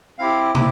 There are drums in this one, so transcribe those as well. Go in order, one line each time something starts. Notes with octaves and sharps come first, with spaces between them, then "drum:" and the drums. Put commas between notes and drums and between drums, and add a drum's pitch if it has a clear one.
C4 E4 G4 F5
C4 E4 G4, drum: tom